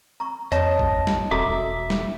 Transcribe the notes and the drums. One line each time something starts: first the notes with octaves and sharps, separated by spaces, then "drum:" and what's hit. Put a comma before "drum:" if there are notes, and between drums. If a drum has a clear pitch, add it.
A#5 C#6
F2 C#5 D#5 A5, drum: hi-hat
drum: kick
drum: snare
E1 F#4 A4 E5 A#5 D6
drum: snare